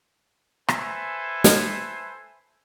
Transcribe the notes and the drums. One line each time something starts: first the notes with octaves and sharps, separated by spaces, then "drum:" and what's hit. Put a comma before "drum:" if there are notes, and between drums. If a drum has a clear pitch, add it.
A4 B4 C5 E5 G#5, drum: rim click
drum: snare